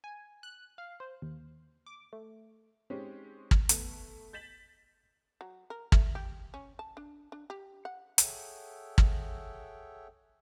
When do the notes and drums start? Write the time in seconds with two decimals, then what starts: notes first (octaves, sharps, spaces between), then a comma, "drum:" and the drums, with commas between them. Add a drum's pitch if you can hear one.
0.04 G#5
0.43 F#6
0.78 F5
1.00 C5
1.22 D#2
1.86 D6
2.13 A3
2.90 G#3 C4 C#4 D#4 G4
3.51 drum: kick
3.69 A3 B3, drum: hi-hat
4.33 G6 A6 B6 E7 F#7
5.41 F#3
5.70 A#4
5.92 A3, drum: kick
6.15 G4
6.54 C#4
6.79 A5
6.97 D4
7.32 D4
7.50 G4
7.85 F#5
8.18 G#4 A4 C#5 E5 F#5 G5, drum: hi-hat
8.98 drum: kick